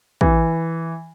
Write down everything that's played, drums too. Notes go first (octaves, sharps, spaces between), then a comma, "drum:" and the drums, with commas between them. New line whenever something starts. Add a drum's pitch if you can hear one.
E3, drum: kick